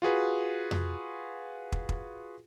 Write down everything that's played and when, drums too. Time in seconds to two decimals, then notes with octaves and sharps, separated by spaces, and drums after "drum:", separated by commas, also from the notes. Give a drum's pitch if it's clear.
0.02 F4 F#4 G#4 B4
0.71 drum: tom F2
1.72 drum: kick
1.89 drum: kick